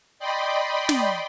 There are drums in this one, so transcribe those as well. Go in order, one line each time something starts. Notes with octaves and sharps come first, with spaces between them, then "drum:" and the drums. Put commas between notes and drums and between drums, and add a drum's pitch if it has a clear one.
D5 D#5 G5 B5 C6
drum: snare